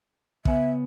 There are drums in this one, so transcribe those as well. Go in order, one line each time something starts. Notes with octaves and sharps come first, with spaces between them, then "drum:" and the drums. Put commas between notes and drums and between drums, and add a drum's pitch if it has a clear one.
C#3 B3 E5 G#5, drum: kick